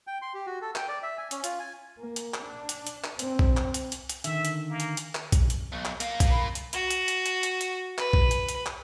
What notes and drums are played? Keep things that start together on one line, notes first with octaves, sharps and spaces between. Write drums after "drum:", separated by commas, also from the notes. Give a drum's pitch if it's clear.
G5
C6
G4
F#4
A4
G5, drum: clap
D5
E5
G#5
C#4, drum: hi-hat
F4, drum: hi-hat
G#5
A#3
drum: hi-hat
drum: clap
D4
drum: hi-hat
drum: hi-hat
drum: clap
C4, drum: hi-hat
drum: kick B1
drum: clap
drum: hi-hat
drum: hi-hat
drum: hi-hat
D3 D#3 E5, drum: hi-hat
drum: hi-hat
A#3
drum: hi-hat
drum: hi-hat
drum: clap
drum: kick B1, hi-hat
drum: hi-hat
B1
drum: clap
A#3 F4, drum: hi-hat
drum: kick B1, hi-hat
B5
drum: hi-hat
F#4, drum: hi-hat
drum: hi-hat
drum: hi-hat
drum: hi-hat
drum: hi-hat
drum: hi-hat
B4, drum: clap
drum: kick B1
drum: hi-hat
drum: hi-hat
drum: clap